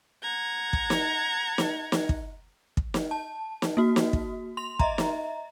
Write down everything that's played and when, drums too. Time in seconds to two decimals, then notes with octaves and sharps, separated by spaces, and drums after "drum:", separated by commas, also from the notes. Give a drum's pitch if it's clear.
0.21 F#5 A#5 G#6
0.73 drum: kick
0.90 drum: snare
1.58 drum: snare
1.92 drum: snare
2.09 drum: kick
2.77 drum: kick
2.94 drum: snare
3.11 A5
3.62 drum: snare
3.77 A#3 F#4
3.96 drum: snare
4.13 drum: kick
4.57 C6 F7
4.79 D#5 E5 A#5, drum: kick
4.98 drum: snare